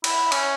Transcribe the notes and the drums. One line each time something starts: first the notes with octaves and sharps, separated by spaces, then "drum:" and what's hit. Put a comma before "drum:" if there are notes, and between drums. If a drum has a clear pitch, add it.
E4, drum: cymbal
C#4, drum: cymbal